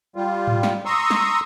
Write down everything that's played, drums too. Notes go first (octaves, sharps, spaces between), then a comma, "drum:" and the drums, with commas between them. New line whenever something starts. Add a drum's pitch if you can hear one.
G3 F4
drum: tom G#2
drum: snare
A#5 C6 C#6 D#6 E6
drum: snare